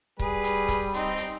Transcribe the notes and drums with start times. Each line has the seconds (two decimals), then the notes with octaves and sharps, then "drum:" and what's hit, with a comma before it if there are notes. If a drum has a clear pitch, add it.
0.19 G3 G#4 B4, drum: kick C#1
0.44 drum: hi-hat
0.68 drum: kick C#1, hi-hat
0.94 C4 D#4, drum: hi-hat
1.17 drum: hi-hat